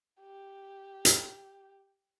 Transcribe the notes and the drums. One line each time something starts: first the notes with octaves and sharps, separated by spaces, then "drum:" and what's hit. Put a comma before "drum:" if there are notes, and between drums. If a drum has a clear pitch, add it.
G4
drum: hi-hat